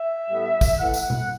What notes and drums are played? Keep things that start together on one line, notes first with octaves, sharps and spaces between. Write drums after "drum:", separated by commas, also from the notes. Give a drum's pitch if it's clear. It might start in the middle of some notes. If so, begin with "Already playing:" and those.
Already playing: E5
A2 G3 B3
drum: kick, tambourine
A2 E3 A3 F#5
drum: tambourine
drum: tom B2